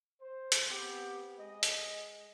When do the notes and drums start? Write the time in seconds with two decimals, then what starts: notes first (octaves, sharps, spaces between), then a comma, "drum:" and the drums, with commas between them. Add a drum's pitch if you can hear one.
0.22 C5
0.52 drum: hi-hat
0.69 B3 C4 G4
1.39 G#3 D#5
1.63 drum: hi-hat